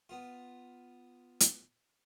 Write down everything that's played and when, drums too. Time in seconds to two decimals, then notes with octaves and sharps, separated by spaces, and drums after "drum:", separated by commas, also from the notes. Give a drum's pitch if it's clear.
0.09 B3 F4
1.40 drum: hi-hat